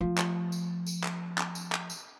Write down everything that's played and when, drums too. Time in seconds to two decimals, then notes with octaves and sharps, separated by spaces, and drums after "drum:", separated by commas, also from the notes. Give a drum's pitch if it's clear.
0.01 F3 A3
0.18 drum: clap
0.52 drum: tambourine
0.86 drum: tambourine
1.04 drum: clap
1.38 drum: clap
1.55 drum: tambourine
1.72 drum: clap
1.90 drum: tambourine